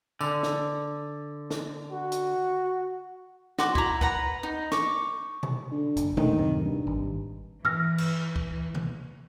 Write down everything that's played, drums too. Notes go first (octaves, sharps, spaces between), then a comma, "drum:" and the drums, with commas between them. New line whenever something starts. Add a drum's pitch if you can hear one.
D3, drum: tambourine
drum: snare
drum: snare
F#4
drum: hi-hat
F#4 C6 D6, drum: snare
E4 A#5, drum: kick
B4 F#5 A#5, drum: kick
D#4
C#6 D6, drum: snare
drum: tom B2
D3
F#1, drum: hi-hat
E1 D#3 A3 D4, drum: tom B2
D1 F#2 C3
G2
G#1
E3 E6 F6 A#6, drum: tom G2
drum: cymbal
drum: kick
drum: tom B2